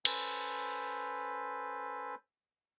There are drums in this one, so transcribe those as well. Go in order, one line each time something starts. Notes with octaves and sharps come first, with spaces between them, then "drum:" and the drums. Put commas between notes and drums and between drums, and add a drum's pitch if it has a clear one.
C#4 A4 B4 C5, drum: cymbal